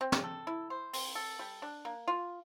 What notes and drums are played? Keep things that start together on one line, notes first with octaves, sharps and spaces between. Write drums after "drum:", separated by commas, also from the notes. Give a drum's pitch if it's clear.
C4
drum: snare
A4
E4
C5
C4, drum: open hi-hat
A4
G3
D4
A#3
F4